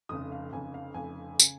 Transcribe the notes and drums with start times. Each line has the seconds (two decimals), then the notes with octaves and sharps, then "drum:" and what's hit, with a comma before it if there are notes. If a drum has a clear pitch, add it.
0.09 F1 F2 C#3 D#6
0.32 F5
0.52 F1 F2 C#3 G#5
0.74 F5
0.94 F1 F2 C#3 G#5
1.40 C#3, drum: tambourine